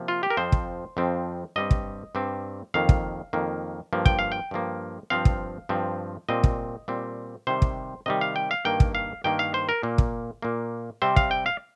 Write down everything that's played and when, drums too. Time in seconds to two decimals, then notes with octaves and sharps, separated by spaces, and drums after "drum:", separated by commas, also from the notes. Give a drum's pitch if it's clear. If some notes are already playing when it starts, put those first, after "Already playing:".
Already playing: C3 F3 A#3
0.08 F4
0.23 G4
0.30 A#4
0.37 F2 F3 C4 C5
0.52 drum: kick
0.97 F2 F3 C4
1.56 G2 G3 C4 D#5
1.71 drum: kick
2.15 G2 G3 C4
2.74 F2 D#3 A#3 F5
2.89 drum: kick
3.33 F2 D#3 A#3
3.93 G2 F3 A#3
4.06 G5, drum: kick
4.19 F5
4.32 G5
4.51 G2 F3 A#3
5.10 G2 F3 C4 F5
5.25 drum: kick
5.69 G2 F3 C4
6.29 A#2 G3 C4 D#5
6.44 drum: kick
6.88 A#2 G3 C4
7.47 C3 D#3 G3 C5
7.62 drum: kick
8.06 C3 D#3 G3 D#5
8.21 F5
8.36 G5
8.51 F5
8.65 G2 D#3 A#3 G5
8.80 drum: kick
8.95 F5
9.24 G2 D#3 A#3 G5
9.39 F5
9.54 C5
9.69 A#4
9.83 A#2 A#3
9.98 drum: kick
10.42 A#2 A#3
11.02 C3 G3 C4 C5
11.16 F5, drum: kick
11.31 G5
11.46 F5